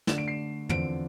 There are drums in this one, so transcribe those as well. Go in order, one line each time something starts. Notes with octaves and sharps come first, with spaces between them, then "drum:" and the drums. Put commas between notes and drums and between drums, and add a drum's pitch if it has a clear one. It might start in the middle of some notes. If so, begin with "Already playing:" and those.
D3 A3 D4 E7, drum: snare
D7
C7
E2 D3 F3 C4 D7, drum: tom